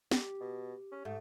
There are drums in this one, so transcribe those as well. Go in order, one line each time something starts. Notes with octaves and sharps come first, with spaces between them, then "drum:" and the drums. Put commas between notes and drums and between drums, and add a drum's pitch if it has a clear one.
G4, drum: snare
B2
C#4
G#2 A3